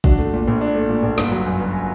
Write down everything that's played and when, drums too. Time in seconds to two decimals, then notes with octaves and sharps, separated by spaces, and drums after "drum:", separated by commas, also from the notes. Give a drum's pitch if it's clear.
0.04 D4 F#4, drum: kick
0.19 A3
0.33 A#2
0.48 A#1
0.61 D4
0.75 A3
0.89 A#2
1.03 A#1
1.18 G1, drum: snare
1.32 F#3
1.46 F#2
1.61 G1